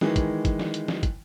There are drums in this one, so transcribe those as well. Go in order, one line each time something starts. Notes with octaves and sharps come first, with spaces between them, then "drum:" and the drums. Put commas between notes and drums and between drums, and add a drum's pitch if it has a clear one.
D#3 E3 G#3, drum: snare
drum: kick, hi-hat
drum: kick, hi-hat
drum: snare
drum: hi-hat
drum: snare
drum: kick, hi-hat